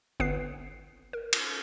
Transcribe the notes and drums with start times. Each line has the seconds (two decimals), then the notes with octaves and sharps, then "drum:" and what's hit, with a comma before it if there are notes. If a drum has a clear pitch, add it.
0.20 G1 B3 B4 C7
1.13 A#4
1.33 drum: cymbal